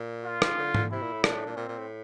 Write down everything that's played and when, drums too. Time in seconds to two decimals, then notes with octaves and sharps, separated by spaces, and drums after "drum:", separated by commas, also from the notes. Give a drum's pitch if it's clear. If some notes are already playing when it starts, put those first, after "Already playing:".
Already playing: A#2
0.25 F4
0.42 drum: rim click
0.58 D3
0.75 D3, drum: tom G#2
0.91 C3 E4
1.03 A#2
1.13 A2
1.24 A#2 D4, drum: rim click
1.34 A2
1.46 A#2
1.56 A#2 C4
1.68 A#2
1.78 A2